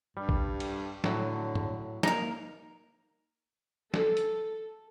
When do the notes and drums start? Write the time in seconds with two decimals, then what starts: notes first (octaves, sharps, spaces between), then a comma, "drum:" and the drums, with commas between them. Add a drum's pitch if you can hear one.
0.17 G2 G3
0.29 drum: kick
0.60 drum: cymbal
1.04 A2 D3 F#3, drum: snare
1.55 drum: tom G2
2.03 A#3 D#4 A#4, drum: snare
3.94 A4, drum: snare
4.17 drum: hi-hat